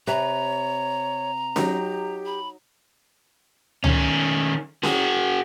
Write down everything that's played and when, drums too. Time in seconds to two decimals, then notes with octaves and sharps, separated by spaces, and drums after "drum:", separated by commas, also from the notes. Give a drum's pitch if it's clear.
0.07 C3 B4 C#5 A#5
1.56 F#3 D#4 G4, drum: snare C#4
2.26 B5
3.84 D#3 C#4, drum: tom C#2
4.83 F#4 G#4, drum: snare C#4